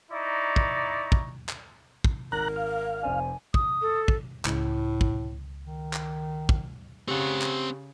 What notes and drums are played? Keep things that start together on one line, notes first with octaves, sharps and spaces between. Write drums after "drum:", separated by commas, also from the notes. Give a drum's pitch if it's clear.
D#4 E4 D5 A#5 C#6
drum: kick
drum: kick
drum: clap
drum: kick
G#1 A#4 A#5 F#6
F5
F1 C4 D5 G#5
D#6, drum: kick
A4
drum: kick
C#2 A2, drum: clap
drum: kick
D#3
drum: clap
drum: kick
C#3 C4 G4 F#5
drum: clap